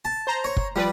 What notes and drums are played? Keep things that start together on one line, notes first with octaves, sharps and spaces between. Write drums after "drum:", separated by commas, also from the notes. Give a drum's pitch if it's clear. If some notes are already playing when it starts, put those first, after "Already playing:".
A5
C5 A#5
C#5
drum: kick
F3 G3 B4 D5